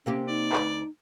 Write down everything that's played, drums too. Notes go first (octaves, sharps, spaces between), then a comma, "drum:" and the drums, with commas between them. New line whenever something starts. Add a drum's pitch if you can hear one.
C3 A#3 C#4 G4
D#4 D5
D2 B4, drum: clap